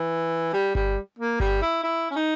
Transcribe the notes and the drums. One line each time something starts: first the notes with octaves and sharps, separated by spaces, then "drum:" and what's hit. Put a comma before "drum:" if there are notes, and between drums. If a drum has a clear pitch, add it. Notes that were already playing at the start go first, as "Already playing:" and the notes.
Already playing: E3
G3
G3, drum: kick G1
A#3
G3, drum: kick G1
E4
E4
C#4
D#4